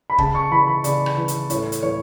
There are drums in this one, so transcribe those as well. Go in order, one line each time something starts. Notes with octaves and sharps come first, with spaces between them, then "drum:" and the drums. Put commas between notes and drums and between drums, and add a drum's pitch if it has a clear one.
B5
C#3 A5, drum: kick
C#6
E3 B5
B5
C#3 D5, drum: hi-hat
drum: rim click
E3
drum: hi-hat
A2 C#5, drum: hi-hat
drum: hi-hat
E3 C#5